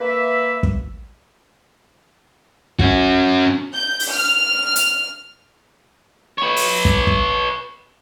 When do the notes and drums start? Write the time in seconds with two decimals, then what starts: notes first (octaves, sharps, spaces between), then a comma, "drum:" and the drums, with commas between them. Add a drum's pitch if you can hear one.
0.01 A#3 B4 E5
0.63 drum: kick
2.79 C#4 F#4, drum: kick
3.74 G6
4.00 drum: open hi-hat
4.10 F6
4.76 drum: hi-hat
6.38 B4 C#5
6.56 drum: open hi-hat
6.85 drum: kick
7.07 drum: kick